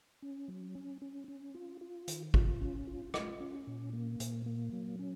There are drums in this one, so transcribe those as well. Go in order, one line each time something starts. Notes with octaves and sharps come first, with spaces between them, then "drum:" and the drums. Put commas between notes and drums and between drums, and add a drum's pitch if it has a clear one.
C#4
F#3
C#4
C#4
C#4
F4
F4
D#3, drum: hi-hat
F4, drum: kick
C#4
F4
F4, drum: rim click
C#4
A#2
A#3
A#2, drum: hi-hat
A#3
F#3
C#4